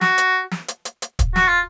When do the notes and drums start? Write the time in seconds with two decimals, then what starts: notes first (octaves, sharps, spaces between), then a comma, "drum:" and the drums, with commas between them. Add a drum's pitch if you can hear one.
0.01 F#4, drum: snare
0.18 drum: hi-hat
0.51 drum: snare
0.68 drum: hi-hat
0.85 drum: hi-hat
1.02 drum: hi-hat
1.19 drum: kick, hi-hat
1.36 F#4, drum: snare
1.48 F4